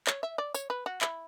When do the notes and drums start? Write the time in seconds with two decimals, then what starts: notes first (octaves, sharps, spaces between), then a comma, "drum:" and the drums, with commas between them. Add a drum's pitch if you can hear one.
0.07 C#5, drum: clap
0.23 E5
0.38 D5
0.54 C#5, drum: tambourine
0.70 B4
0.86 F#4
1.01 E4, drum: clap